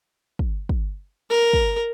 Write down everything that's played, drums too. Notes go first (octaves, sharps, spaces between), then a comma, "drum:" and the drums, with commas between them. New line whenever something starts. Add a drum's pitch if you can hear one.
drum: kick
drum: kick
A#4
drum: kick